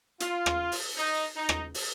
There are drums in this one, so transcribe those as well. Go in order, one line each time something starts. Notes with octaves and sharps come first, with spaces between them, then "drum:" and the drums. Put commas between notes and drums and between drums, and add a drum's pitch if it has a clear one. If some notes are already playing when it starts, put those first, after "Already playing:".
F4, drum: hi-hat
drum: rim click
drum: open hi-hat
D#4
D#4
drum: rim click
drum: open hi-hat